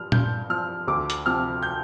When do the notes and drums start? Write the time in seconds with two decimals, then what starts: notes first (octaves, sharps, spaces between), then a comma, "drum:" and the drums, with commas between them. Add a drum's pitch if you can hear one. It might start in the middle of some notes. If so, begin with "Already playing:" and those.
Already playing: G2 F3 F6
0.12 G2 G6, drum: tom A#2
0.50 F3 F6
0.87 D2 D6
1.10 drum: hi-hat
1.26 C3 F3 F6
1.63 G6